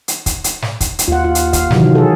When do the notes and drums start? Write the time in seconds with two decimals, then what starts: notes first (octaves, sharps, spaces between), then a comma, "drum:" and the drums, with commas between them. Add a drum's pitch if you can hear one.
0.08 drum: hi-hat
0.26 drum: kick, hi-hat
0.44 drum: hi-hat
0.62 drum: snare
0.81 drum: kick, hi-hat
0.99 drum: hi-hat
1.08 D#2 F4 F#5
1.24 F4
1.35 drum: hi-hat
1.53 F5, drum: kick, hi-hat
1.71 C3 D#3 E3 F#3, drum: snare
1.95 G#4 A4